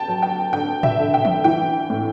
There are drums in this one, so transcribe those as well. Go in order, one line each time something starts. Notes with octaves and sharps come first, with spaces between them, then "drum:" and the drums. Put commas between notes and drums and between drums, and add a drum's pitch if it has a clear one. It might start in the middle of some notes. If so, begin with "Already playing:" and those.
Already playing: D3 G5 A5
F#3
G5
D3 G5
E5, drum: tom A2
D3
G5
drum: tom E3
E3 G5
A2